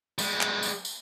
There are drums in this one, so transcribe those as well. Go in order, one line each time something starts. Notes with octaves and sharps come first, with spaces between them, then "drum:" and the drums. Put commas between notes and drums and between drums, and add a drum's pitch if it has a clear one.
G3 G#3, drum: tambourine
drum: clap
drum: tambourine
drum: tambourine